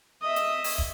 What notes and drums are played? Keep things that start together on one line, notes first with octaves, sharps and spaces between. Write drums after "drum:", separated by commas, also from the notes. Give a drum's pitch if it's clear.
D#5 E5
drum: hi-hat
drum: open hi-hat
drum: kick